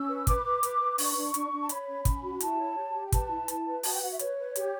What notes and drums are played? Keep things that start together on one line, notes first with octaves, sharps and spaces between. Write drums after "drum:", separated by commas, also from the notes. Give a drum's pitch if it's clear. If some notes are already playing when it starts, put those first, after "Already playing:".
Already playing: C#4 E6
B4
B4 D6, drum: kick, hi-hat
B4
B4, drum: hi-hat
B4
D4 C#6, drum: open hi-hat
D4
D4, drum: hi-hat
D4
A5
C#5 B5, drum: hi-hat
C#4
C#4, drum: kick, hi-hat
F#4
E4 A5, drum: hi-hat
C#5
G4
G4
G5
B4 A5, drum: kick, hi-hat
E4
E4, drum: hi-hat
B4
F#4 A5, drum: open hi-hat
G5
F#4 F#5
E5
B4 C#5, drum: hi-hat
B4
G4, drum: hi-hat